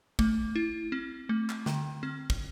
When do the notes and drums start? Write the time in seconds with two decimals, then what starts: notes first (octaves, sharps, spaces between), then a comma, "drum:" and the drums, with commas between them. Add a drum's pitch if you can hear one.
0.19 A3, drum: kick
0.55 E4
0.92 C4
1.29 A3
1.50 drum: clap
1.66 D3, drum: snare
2.03 C4
2.30 drum: kick